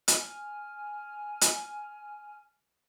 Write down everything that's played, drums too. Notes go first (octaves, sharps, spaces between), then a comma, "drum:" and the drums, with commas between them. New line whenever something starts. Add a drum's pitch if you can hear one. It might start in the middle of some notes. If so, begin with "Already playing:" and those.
G#5 F6, drum: hi-hat
drum: hi-hat